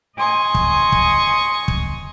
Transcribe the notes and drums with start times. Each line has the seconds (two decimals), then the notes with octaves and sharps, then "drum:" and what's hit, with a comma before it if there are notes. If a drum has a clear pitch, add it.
0.17 D#5 G#5 C6 C#6 D#6
0.55 drum: kick
0.92 drum: kick
1.68 drum: kick